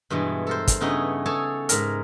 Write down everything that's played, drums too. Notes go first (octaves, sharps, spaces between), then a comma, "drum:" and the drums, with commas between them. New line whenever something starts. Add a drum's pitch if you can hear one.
G2 B2 E3 G#3
A4 A#4 C5
drum: kick, hi-hat
G2 C#3 B3 C#4 D#4 E4
G#4 A4 C#5 G#5 A5
G#2 A#4, drum: hi-hat